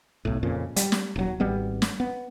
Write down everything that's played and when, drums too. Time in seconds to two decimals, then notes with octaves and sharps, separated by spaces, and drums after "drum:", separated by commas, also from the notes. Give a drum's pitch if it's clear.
0.25 B1 A2
0.43 F2 A#2 C#3
0.76 G3, drum: hi-hat
0.92 drum: snare
1.16 D#1 F#3
1.40 G#1 G3 B3
1.82 drum: snare
2.00 B3